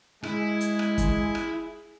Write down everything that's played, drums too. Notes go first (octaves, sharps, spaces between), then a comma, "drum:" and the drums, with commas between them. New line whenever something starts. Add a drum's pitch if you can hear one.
G#3 E4 G#4, drum: rim click
drum: hi-hat
drum: rim click
drum: kick, hi-hat
drum: rim click